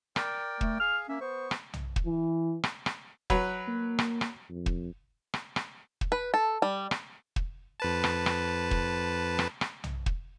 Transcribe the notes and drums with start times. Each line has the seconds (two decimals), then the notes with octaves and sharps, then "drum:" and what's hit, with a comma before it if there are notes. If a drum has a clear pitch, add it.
0.16 A#4 D5 G5, drum: rim click
0.61 A3, drum: kick
0.80 G#4 F5 F6
1.09 A#3 C#4 E5
1.21 B3 C5 C#6
1.51 drum: rim click
1.74 drum: tom B1
1.96 drum: kick
2.06 E3
2.64 drum: rim click
2.86 drum: rim click
3.30 F#3 B4, drum: kick
3.68 A#3
3.99 drum: rim click
4.21 drum: rim click
4.50 F2
4.66 drum: kick
5.34 drum: rim click
5.56 drum: rim click
6.01 drum: kick
6.12 B4
6.34 A4
6.62 G3
6.91 drum: rim click
7.36 drum: kick
7.80 F2 B4 A5
8.04 drum: rim click
8.26 drum: rim click
8.71 drum: kick
9.39 drum: rim click
9.61 drum: rim click
9.84 drum: tom B1
10.06 drum: kick